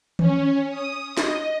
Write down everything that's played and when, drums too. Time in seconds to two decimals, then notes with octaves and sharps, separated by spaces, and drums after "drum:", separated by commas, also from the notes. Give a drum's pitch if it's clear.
0.19 C#4, drum: tom D#3
0.70 D#6
1.17 D#5, drum: snare